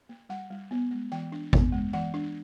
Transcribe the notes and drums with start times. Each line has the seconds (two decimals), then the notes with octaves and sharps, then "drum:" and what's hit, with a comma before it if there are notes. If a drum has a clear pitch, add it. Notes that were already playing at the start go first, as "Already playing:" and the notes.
0.09 A#3
0.29 G3 F#5
0.50 G3
0.71 B3
0.91 G#3
1.12 E3 G5
1.32 D4
1.53 B3, drum: kick G#1
1.73 G#3
1.93 E3 F#5
2.14 D4